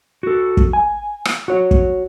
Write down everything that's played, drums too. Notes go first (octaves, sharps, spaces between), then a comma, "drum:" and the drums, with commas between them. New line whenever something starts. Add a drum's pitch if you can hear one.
F#4 A4
drum: kick
G#5
drum: rim click
F#4 C#5
drum: kick